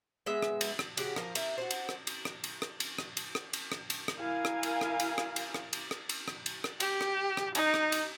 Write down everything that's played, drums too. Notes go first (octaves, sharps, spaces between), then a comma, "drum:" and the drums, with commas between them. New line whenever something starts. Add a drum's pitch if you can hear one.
G#3 B3 E5
drum: rim click
drum: cymbal
drum: rim click
C#3 F#4 G4, drum: cymbal
F3 A#4, drum: rim click
A#4 E5, drum: cymbal
F#4 C5
drum: cymbal
drum: rim click
drum: cymbal
drum: rim click
drum: cymbal
drum: rim click
drum: cymbal
drum: rim click
drum: cymbal
drum: rim click
drum: cymbal
drum: rim click
drum: cymbal
drum: rim click
E4 A#4 F5 G#5
drum: rim click
drum: cymbal
drum: rim click
drum: cymbal
drum: rim click
drum: cymbal
drum: rim click
drum: cymbal
drum: rim click
drum: cymbal
drum: rim click
drum: cymbal
drum: rim click
G4, drum: cymbal
drum: rim click
drum: rim click
D#4, drum: cymbal
drum: rim click
drum: cymbal